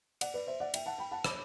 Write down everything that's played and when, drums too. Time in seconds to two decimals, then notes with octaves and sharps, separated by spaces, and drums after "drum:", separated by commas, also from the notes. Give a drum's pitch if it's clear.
0.21 D5 F#5, drum: cymbal
0.34 B4 D5
0.47 C5 E5
0.60 D5 F#5
0.74 E5 G5, drum: cymbal
0.86 F#5 A5
0.98 G5 B5
1.11 F#5 A5
1.24 B5 D6, drum: rim click